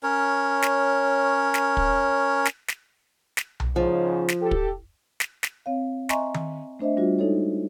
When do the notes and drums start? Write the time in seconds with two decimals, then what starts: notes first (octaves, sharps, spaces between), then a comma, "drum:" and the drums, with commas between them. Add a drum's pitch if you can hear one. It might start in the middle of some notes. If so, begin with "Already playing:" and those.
0.03 C#4 A#4 C#5
0.62 drum: snare
1.54 drum: snare
1.77 drum: kick
2.45 drum: snare
2.68 drum: snare
3.37 drum: snare
3.60 drum: tom B1
3.76 G#2 C#3 F3
4.28 drum: snare
4.41 G4 A4
4.51 drum: kick
5.20 drum: snare
5.43 drum: snare
5.66 C4 C#5 F5
6.09 D#5 E5 G#5 A#5 C6 C#6, drum: snare
6.34 drum: tom D#3
6.79 A3 D4 C5 D#5 E5
6.97 G3 D4 F4 F#4
7.19 G#3 D#4 A4 C#5